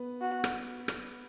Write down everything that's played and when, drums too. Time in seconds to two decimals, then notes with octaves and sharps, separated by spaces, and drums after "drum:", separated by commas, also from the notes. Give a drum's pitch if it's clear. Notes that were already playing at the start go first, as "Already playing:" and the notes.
Already playing: B3 B4
0.21 F#4
0.44 drum: rim click
0.88 drum: rim click